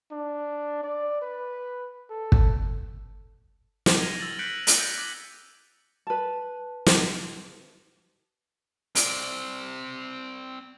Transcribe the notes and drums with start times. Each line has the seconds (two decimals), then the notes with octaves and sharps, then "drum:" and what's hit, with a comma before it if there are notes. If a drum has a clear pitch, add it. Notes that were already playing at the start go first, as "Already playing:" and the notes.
0.12 D4
0.83 D5
1.22 B4
2.10 A4
2.32 drum: kick
3.86 drum: snare
4.01 F6 G#6 A#6 D#7 F7 G7
4.19 E6 A6 F#7
4.39 F#6 G6 B6 C#7 D7 F#7
4.67 B6, drum: hi-hat
4.80 G6 A6 D7
4.97 D6 F#7
6.07 B4 A5
6.86 drum: snare
8.95 C4 D5, drum: hi-hat